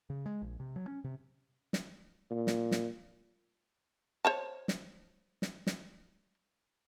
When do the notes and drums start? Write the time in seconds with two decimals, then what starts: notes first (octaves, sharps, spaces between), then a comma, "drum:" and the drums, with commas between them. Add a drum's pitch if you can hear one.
0.10 C#3
0.26 G#3
0.42 A#1
0.60 C3
0.76 F#3
0.88 C#4
1.04 C3
1.73 drum: snare
2.31 A#2
2.47 drum: snare
2.72 drum: snare
4.25 C5 C#5 A5
4.68 drum: snare
5.42 drum: snare
5.67 drum: snare